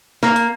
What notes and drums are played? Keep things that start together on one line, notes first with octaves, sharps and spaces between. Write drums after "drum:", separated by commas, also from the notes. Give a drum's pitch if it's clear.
A#3, drum: snare
drum: hi-hat